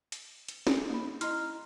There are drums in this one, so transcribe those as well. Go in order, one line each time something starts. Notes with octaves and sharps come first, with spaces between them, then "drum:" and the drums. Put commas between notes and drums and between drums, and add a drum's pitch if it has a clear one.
drum: hi-hat
drum: hi-hat
drum: snare
A#3 D#4 B5
E4 D#5 A#5 C6 F6, drum: hi-hat